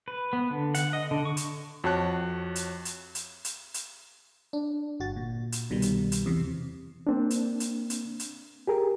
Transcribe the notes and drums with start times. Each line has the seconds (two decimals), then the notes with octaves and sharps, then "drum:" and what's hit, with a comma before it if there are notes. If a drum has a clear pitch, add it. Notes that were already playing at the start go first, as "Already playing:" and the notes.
0.08 B4
0.33 B3
0.51 D3
0.75 F#5, drum: hi-hat
0.93 D#5
1.11 D3
1.25 C#6
1.37 drum: hi-hat
1.84 F2 F#4 C#5 A5 F#6
2.55 drum: hi-hat
2.85 drum: hi-hat
3.15 drum: hi-hat
3.45 drum: hi-hat
3.74 drum: hi-hat
4.53 D4
5.00 G1 F#4 A6
5.16 A#2
5.52 drum: hi-hat
5.70 C2 B2 D#3 G3
5.82 drum: hi-hat
6.12 drum: hi-hat
6.26 E2 C3
7.07 A#3 C4 D4
7.30 drum: hi-hat
7.60 drum: hi-hat
7.90 drum: hi-hat
8.19 drum: hi-hat
8.67 G4 G#4 A#4